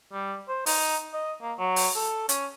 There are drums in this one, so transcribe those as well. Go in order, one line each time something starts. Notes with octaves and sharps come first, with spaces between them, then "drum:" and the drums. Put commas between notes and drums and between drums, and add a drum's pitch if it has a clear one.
G3
C5
D#4, drum: open hi-hat
D#5
A#3
F#3
drum: open hi-hat
A4
C#4, drum: hi-hat